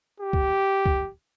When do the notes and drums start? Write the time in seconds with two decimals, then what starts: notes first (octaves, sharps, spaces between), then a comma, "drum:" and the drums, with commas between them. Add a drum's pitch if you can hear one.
0.20 G4
0.33 drum: kick
0.86 drum: kick